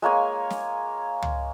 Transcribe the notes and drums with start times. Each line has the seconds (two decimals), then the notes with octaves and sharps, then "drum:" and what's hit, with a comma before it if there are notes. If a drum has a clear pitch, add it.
0.02 G#3 A#3 C#5 G#5
0.50 drum: snare
1.22 drum: tom